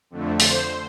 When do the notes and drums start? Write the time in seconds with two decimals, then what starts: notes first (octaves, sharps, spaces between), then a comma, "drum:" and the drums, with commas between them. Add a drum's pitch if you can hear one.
0.10 F2 D3 A3
0.40 C5, drum: open hi-hat